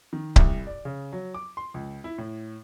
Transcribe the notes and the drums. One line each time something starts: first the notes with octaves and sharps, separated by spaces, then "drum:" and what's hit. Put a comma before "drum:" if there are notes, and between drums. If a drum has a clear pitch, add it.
D#3
C2, drum: kick C#1
D5
C#3
F#3
D6
C6
C#2
E4
A2